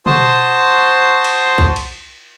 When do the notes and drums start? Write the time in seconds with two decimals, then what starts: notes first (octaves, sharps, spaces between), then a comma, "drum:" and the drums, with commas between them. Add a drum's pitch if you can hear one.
0.06 F#4 C5 A5 C6 D#6, drum: tom B2
1.24 drum: cymbal
1.58 drum: kick
1.76 drum: cymbal